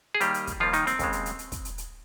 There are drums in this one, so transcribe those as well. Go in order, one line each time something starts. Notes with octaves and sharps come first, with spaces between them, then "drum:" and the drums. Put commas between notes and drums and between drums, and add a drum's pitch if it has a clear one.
G#4
D#2 D#3 G3 A#3 G4, drum: hi-hat
drum: hi-hat
drum: kick, hi-hat
D#2 D#3 F3 G3 A#3 F4
D#3 D#4, drum: hi-hat
C4, drum: hi-hat
D#2 C#3 G#3, drum: kick, hi-hat
drum: hi-hat
drum: hi-hat
drum: hi-hat
drum: kick, hi-hat
drum: hi-hat
drum: hi-hat